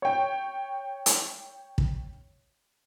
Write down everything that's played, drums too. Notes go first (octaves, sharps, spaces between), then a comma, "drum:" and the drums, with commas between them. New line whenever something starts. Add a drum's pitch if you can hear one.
C#5 G5
drum: hi-hat
drum: kick